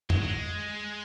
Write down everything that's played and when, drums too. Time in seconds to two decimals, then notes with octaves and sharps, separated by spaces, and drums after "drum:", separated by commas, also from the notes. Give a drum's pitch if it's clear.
0.10 G#3, drum: tom F2
0.18 F#3
0.26 G#3